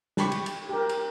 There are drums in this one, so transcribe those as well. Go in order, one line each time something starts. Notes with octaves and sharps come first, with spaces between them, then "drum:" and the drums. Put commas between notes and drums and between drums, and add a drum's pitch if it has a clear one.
G4 B5 C#6, drum: snare
drum: cymbal
drum: cymbal
G4 A#4
drum: cymbal